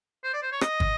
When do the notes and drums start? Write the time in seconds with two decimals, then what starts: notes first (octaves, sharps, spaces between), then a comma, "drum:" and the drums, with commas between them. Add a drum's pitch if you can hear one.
0.24 C5
0.33 D5
0.42 C5
0.52 C#5
0.61 D#5, drum: rim click
0.80 drum: kick